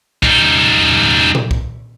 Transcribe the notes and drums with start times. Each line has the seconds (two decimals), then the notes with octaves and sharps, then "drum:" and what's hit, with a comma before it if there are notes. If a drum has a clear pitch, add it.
0.23 G3 D#4, drum: kick
1.35 drum: tom A#2
1.51 drum: kick